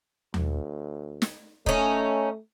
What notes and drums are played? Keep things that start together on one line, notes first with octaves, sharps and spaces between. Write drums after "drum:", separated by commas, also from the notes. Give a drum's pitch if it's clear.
D2, drum: tom D#2
drum: snare
A3 C#4 D#4, drum: kick